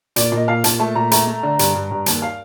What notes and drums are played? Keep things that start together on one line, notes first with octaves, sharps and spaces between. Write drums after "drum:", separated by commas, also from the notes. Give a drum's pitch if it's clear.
A#2 D5, drum: hi-hat
A#2 D#5
A#2 F5
A#2 A5, drum: hi-hat
A3 A5
A#2 A#5
A3 A#5, drum: hi-hat
A3
D3
G2, drum: hi-hat
G2
G2
D#2 A5, drum: hi-hat
F5